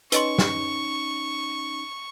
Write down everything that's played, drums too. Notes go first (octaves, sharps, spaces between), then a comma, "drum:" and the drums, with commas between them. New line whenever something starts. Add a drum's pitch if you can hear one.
C#4 D#4 B4 D#5 C6 C#6, drum: hi-hat
drum: snare